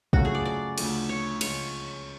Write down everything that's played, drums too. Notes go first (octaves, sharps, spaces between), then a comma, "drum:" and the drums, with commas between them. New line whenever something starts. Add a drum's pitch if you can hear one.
F#2 C#3 F3 A3 F#4, drum: kick
G#4
D5
D5
D2 C#3 F3 A3, drum: cymbal
C#5
C#2 C#3 F3 G#3 C#4 C#5, drum: cymbal